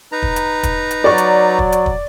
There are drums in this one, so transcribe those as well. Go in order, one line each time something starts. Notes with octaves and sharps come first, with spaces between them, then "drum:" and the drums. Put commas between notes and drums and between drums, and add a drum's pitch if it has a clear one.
D#4 B4 A#5
drum: kick
drum: hi-hat
drum: kick, hi-hat
drum: hi-hat
F#3 D5 C#6
drum: hi-hat
drum: kick
drum: hi-hat
drum: kick